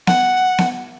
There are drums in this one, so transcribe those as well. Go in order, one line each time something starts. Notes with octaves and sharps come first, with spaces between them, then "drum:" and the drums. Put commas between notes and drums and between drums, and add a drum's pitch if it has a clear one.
F#5, drum: snare B3
drum: snare B3